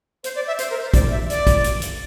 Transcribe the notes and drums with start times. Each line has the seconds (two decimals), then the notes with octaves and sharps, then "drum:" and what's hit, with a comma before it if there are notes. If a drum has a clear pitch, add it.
0.24 C5, drum: hi-hat
0.35 D5
0.47 E5
0.59 C5, drum: hi-hat
0.70 A#4
0.82 C5
0.94 D5, drum: kick, hi-hat
1.11 E5
1.30 D5, drum: hi-hat
1.47 drum: kick, hi-hat
1.64 drum: hi-hat
1.82 drum: hi-hat